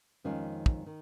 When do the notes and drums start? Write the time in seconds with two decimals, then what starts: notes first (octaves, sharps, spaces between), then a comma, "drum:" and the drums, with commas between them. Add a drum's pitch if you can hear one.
0.24 F2 D#3 G#3 C#4 F4
0.66 drum: kick
0.86 D#3